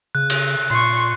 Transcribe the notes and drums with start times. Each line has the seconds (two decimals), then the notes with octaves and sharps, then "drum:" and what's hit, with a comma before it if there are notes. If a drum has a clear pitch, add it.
0.15 C#3 F#6
0.30 drum: cymbal
0.70 A#2 C6 C#6